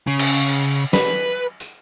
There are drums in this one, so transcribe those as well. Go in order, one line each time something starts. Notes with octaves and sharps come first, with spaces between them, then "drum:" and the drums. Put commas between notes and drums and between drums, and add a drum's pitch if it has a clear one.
C#3
drum: cymbal
B4, drum: snare
drum: tambourine